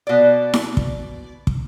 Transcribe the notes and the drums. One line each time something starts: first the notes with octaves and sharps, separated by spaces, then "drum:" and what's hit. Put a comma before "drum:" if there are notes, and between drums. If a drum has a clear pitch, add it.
B2 D5
drum: snare E4
drum: kick
drum: kick